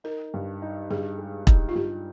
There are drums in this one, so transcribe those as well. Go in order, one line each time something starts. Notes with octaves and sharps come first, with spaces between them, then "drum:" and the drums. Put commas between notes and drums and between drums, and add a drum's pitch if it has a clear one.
D#4 A#4
G2
D#4
G2 G#4
G#3
D#4, drum: kick E1
F4
G2 G4